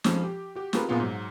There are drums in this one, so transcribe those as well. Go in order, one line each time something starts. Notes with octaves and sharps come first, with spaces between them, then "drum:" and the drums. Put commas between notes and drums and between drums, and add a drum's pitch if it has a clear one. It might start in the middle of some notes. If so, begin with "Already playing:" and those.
F2 F3 G#3 C#4, drum: snare
G4
F#4 G4
C4 F4 G4 G#4 A#4 B4, drum: snare
F#2 A#2 C#3 B3 F4 G#4
G#2 F#3